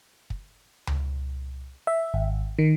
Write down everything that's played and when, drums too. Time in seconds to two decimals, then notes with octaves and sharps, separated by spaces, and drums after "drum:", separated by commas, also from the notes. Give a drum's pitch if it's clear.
0.30 drum: kick
0.87 drum: tom C#2
1.87 E5
2.14 G#1
2.59 D#3